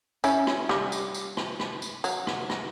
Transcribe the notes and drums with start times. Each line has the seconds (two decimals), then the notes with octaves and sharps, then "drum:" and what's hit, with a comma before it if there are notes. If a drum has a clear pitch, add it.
0.24 C#4 E4, drum: tambourine
0.47 drum: rim click
0.69 G3, drum: rim click
0.92 drum: tambourine
1.14 drum: tambourine
1.37 drum: rim click
1.60 drum: rim click
1.82 drum: tambourine
2.04 F#3, drum: tambourine
2.27 drum: rim click
2.50 drum: rim click